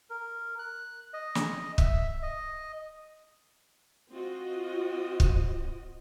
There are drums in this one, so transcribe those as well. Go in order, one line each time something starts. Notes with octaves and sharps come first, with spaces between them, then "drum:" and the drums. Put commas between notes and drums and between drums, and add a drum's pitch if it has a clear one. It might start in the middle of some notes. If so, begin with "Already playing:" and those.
A#4
F#6
D#5
drum: snare
E5, drum: kick
D#5
C4 F4 F#4 D#5
drum: kick